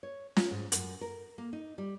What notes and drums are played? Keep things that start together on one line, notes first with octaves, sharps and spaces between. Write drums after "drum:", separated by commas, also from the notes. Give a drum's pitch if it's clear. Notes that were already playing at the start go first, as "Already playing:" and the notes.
C#5
F4, drum: snare
G#2
F#2, drum: hi-hat
A#4
A#3
D#4
G3